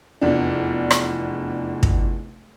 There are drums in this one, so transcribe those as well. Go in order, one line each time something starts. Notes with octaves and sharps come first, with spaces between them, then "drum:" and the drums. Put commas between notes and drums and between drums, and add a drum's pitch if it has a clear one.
F1 E2 D4
drum: rim click
drum: kick